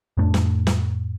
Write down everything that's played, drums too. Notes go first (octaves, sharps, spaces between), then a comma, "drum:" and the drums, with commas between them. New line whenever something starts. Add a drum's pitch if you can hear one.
F2 A2 A3 D4
drum: snare
drum: snare